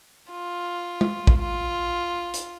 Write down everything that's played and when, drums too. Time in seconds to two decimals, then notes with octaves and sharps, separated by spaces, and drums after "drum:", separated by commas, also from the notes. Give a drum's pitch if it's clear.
0.31 F4
1.01 drum: tom
1.27 drum: kick
1.38 F4
2.34 drum: hi-hat